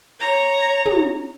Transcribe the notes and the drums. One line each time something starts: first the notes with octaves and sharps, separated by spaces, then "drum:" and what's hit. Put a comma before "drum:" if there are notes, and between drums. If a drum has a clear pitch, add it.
C#5 A#5
drum: tom